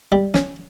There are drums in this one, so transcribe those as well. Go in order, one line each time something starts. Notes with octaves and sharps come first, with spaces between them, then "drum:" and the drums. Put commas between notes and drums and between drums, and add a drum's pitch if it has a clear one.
G3
C#4, drum: snare